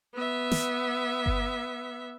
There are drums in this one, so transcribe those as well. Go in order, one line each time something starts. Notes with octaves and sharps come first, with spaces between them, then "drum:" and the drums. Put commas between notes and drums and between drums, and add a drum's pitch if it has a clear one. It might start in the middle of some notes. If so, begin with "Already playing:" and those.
B3 E5
drum: snare
drum: kick G1